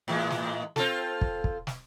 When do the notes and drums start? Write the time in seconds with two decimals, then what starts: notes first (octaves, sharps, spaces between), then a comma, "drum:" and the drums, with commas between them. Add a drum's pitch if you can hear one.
0.08 A2 E3 G#3
0.30 drum: snare
0.76 C4 F4 A4, drum: snare
1.21 drum: kick
1.44 drum: kick
1.67 drum: snare